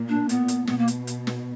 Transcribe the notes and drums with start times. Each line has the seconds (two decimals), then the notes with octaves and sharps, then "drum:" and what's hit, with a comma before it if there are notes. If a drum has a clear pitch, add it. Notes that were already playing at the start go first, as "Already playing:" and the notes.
Already playing: A#2
0.09 D4
0.29 B3, drum: hi-hat
0.48 drum: hi-hat
0.67 B2 B3, drum: snare
0.78 A#3
0.88 drum: hi-hat
1.07 drum: hi-hat
1.27 drum: snare